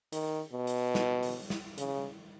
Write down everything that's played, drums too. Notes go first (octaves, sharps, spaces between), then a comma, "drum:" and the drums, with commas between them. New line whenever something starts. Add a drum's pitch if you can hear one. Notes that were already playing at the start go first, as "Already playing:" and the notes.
D#3, drum: hi-hat
B2
drum: hi-hat
drum: snare
drum: open hi-hat
drum: snare
C#3, drum: hi-hat